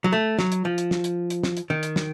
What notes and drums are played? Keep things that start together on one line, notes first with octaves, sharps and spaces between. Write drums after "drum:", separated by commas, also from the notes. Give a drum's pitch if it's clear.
F#3
A3
F#3, drum: snare
drum: hi-hat
F3
drum: hi-hat
drum: snare
drum: hi-hat
drum: hi-hat
drum: snare
drum: hi-hat
D#3
drum: hi-hat
drum: snare